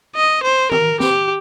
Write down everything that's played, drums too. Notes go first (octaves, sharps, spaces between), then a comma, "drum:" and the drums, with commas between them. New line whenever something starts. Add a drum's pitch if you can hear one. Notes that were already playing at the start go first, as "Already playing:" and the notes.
D#5
C5
A#4, drum: tom D#3
G4, drum: snare